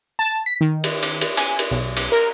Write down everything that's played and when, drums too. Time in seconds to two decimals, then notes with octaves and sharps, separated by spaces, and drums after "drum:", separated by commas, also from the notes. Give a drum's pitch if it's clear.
0.19 A5
0.46 B6
0.61 D#3
0.84 drum: cymbal
1.03 drum: cymbal
1.21 drum: cymbal
1.37 G#5, drum: cymbal
1.59 drum: cymbal
1.71 B1
1.97 drum: cymbal
2.12 A#4